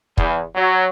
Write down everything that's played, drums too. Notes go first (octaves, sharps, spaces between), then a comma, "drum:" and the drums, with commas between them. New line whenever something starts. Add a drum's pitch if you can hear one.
E2, drum: kick
F#3